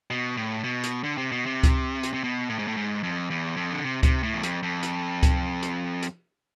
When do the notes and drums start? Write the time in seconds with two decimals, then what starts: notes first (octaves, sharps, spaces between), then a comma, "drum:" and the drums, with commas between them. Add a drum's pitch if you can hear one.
0.10 B2
0.37 A2
0.64 B2
0.84 drum: hi-hat
1.04 D3
1.18 C3
1.32 B2
1.46 C3
1.63 drum: kick C#2, hi-hat
2.03 drum: hi-hat
2.14 C3
2.24 B2
2.49 A2
2.59 G#2
2.68 A2
2.77 G#2
3.03 F2
3.30 E2
3.57 F2
3.72 D3
3.83 C3
4.03 C3, drum: kick C#2, hi-hat
4.23 A2
4.34 E2
4.43 F2, drum: hi-hat
4.63 F2
4.83 drum: hi-hat
5.23 drum: kick C#2, hi-hat
5.63 drum: hi-hat
6.03 drum: hi-hat